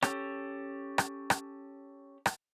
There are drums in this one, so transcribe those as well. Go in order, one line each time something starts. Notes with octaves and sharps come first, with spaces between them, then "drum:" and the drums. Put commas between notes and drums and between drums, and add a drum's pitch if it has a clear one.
C#4 G4 A4, drum: rim click
drum: rim click
drum: rim click
drum: rim click